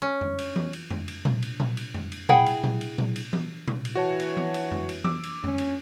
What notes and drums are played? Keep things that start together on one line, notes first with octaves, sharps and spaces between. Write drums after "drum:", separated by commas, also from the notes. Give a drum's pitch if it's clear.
C#4
drum: tom F2
drum: cymbal
drum: tom E3
drum: cymbal
drum: tom F2
drum: cymbal
drum: tom A#2
drum: cymbal
drum: tom A#2
drum: cymbal
drum: tom F2
drum: cymbal
E4 G#4 F#5 G5 B5, drum: tom A#2
drum: cymbal
drum: tom A#2
drum: cymbal
drum: tom A#2
drum: cymbal
drum: tom E3
drum: tom A#2
drum: cymbal
E3 F#4 C#5 A5
drum: cymbal
drum: tom E3
drum: cymbal
drum: tom F2
drum: cymbal
D6 E6, drum: tom E3
drum: cymbal
C#4, drum: tom F2
drum: cymbal